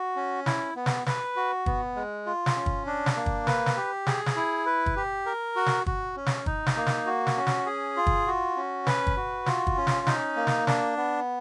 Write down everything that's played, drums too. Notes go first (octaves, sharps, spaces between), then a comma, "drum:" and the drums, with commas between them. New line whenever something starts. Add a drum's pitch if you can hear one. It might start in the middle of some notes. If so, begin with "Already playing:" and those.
Already playing: F#4
C#4
E4, drum: snare
B3
drum: snare
B4, drum: snare
F#4
B3, drum: kick
G#3
F4
drum: snare
C#4
drum: kick
D4
drum: snare
A#3
drum: kick
B4, drum: snare
drum: snare
G4
G#4, drum: snare
drum: snare
E4
B4
drum: kick
G4
A#4
F#4
drum: snare
F#4, drum: kick
C#4
drum: snare
D#4, drum: kick
drum: snare
A#3
drum: snare
F#4
drum: snare
C#4
drum: snare
G#4
F4
drum: kick
F#4
C#4
B4, drum: snare
drum: kick
F#4
F4, drum: snare
drum: kick
C#4
drum: snare
D#4, drum: snare
A#3
drum: snare
D4, drum: snare
B3